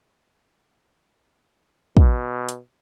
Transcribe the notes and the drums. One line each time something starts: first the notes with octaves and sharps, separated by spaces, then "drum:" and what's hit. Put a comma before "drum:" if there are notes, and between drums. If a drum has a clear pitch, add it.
B2, drum: kick
drum: hi-hat